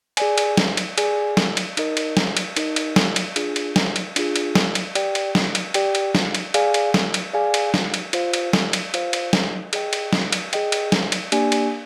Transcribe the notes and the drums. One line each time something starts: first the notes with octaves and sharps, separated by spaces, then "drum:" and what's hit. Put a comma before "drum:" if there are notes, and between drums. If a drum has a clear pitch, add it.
G#4 D5 G#5, drum: cymbal
drum: cymbal
drum: snare
drum: cymbal
G#4 D5 G#5, drum: cymbal
drum: snare
drum: cymbal
D#4 A#4 D#5, drum: cymbal
drum: cymbal
drum: snare
drum: cymbal
D#4 A#4 D#5, drum: cymbal
drum: cymbal
drum: snare
drum: cymbal
D4 F4 G#4, drum: cymbal
drum: cymbal
drum: snare
drum: cymbal
D4 F4 G#4, drum: cymbal
drum: cymbal
drum: snare
drum: cymbal
G4 D5 G5, drum: cymbal
drum: cymbal
drum: snare
drum: cymbal
G4 D5 G5, drum: cymbal
drum: cymbal
drum: snare
drum: cymbal
G#4 D5 F5 G#5, drum: cymbal
drum: cymbal
drum: snare
drum: cymbal
G#4 D5 F5 G#5
drum: cymbal
drum: snare
drum: cymbal
F4 C5 F5, drum: cymbal
drum: cymbal
drum: snare
drum: cymbal
F4 C5 F5, drum: cymbal
drum: cymbal
drum: snare
G#4 D#5 G5, drum: cymbal
drum: cymbal
drum: snare
drum: cymbal
G#4 D#5 G5, drum: cymbal
drum: cymbal
drum: snare
drum: cymbal
A#3 D4 G4 D5 G#5, drum: cymbal
drum: cymbal